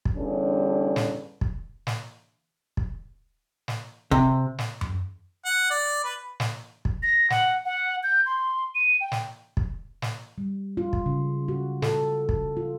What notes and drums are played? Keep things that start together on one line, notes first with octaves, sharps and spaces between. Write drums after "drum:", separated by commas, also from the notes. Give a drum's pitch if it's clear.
drum: kick
E2 G2 D3 G3 C#4
drum: snare
drum: kick
drum: snare
drum: kick
drum: snare
C3, drum: kick
drum: snare
drum: tom F#2
F#5
D5
B4
drum: snare
drum: kick
A#6
F#5, drum: snare
F#5
G6
C6
D#7
G5
drum: snare
drum: kick
drum: snare
G3
F4
drum: kick
C#3
F#4
A4, drum: snare
drum: kick
F4